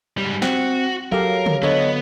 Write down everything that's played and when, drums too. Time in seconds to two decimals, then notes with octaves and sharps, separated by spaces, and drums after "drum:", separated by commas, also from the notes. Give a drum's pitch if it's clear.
0.18 G#2 G3
0.42 C4 F#4, drum: snare
1.12 F#3 G4 A4 A#4 F5
1.46 drum: tom C#3
1.63 D3 B3 A4 C#5 D#5